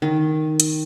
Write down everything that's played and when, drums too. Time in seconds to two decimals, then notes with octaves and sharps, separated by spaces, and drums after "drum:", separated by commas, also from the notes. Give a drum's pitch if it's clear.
0.02 D#3
0.60 drum: hi-hat